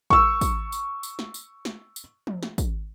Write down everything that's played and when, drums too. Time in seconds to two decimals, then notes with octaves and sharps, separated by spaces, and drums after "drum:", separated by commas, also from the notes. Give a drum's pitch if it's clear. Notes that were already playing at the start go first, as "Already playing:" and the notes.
0.10 C#6 E6, drum: kick
0.41 drum: kick, tambourine
0.72 drum: tambourine
1.03 drum: tambourine
1.19 drum: snare
1.34 drum: tambourine
1.65 drum: snare
1.96 drum: tambourine
2.27 drum: tom
2.43 drum: snare
2.58 drum: kick, tambourine